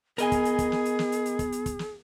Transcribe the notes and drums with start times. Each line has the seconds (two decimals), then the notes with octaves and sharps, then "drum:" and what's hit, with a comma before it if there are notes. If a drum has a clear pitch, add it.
0.18 B3 G#4 A#4 D#5 G#5, drum: hi-hat
0.32 drum: kick, hi-hat
0.45 drum: hi-hat
0.59 drum: kick, hi-hat
0.72 drum: snare
0.85 drum: hi-hat
0.99 drum: snare
1.12 drum: hi-hat
1.26 drum: hi-hat
1.39 drum: kick, hi-hat
1.52 drum: hi-hat
1.66 drum: kick, hi-hat
1.79 drum: snare